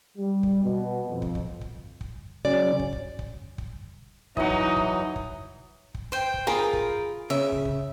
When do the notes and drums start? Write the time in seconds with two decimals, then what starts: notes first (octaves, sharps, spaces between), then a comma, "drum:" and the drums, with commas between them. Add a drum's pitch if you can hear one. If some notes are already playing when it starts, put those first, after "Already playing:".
0.17 G3
0.43 drum: kick
0.64 B2
1.09 F2
1.22 drum: kick
1.35 drum: kick
1.61 drum: kick
2.01 drum: kick
2.45 C#3 F#3 C#4 D5
2.79 drum: kick
2.93 drum: kick
3.19 drum: kick
3.58 drum: kick
4.37 E3 F#3 D#4 E4 D#5 F#5, drum: kick
4.50 drum: kick
4.76 drum: kick
5.16 drum: kick
5.94 drum: kick
6.12 C5 G5
6.34 drum: kick
6.47 F4 G#4 A#4 B5
6.73 drum: kick
7.30 C#3 E5
7.52 drum: kick
7.65 drum: kick